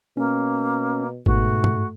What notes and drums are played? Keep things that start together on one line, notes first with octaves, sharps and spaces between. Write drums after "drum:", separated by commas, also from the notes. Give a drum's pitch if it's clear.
B2 A#3 C#4
G#2 B2 A3 F#4, drum: kick G1
drum: tom G2